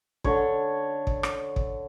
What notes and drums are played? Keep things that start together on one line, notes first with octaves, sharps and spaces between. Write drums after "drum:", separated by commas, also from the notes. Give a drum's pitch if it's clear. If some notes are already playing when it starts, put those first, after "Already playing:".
D3 C#5, drum: kick
drum: kick
drum: rim click
drum: kick